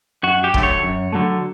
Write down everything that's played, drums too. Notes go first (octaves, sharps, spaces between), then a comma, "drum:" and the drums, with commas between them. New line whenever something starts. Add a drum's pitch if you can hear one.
F#2 F#4
G4
D3 F#3 A3, drum: kick
C#5
F#2
D3 F#3 A3